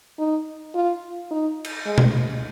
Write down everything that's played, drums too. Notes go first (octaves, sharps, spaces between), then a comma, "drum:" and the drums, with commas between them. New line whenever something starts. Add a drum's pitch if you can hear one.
D#4
F4
D#4
drum: cymbal
G#3
drum: tom B2